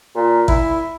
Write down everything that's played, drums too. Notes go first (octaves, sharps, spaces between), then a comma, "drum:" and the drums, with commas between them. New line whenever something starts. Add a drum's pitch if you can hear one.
A#2
E4, drum: kick A1